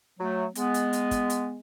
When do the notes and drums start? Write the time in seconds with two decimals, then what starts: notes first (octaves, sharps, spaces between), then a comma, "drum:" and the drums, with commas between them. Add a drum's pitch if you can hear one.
0.19 F#3 A3
0.55 G#3 B3, drum: hi-hat
0.74 drum: hi-hat
0.93 drum: hi-hat
1.11 drum: kick, hi-hat
1.30 drum: hi-hat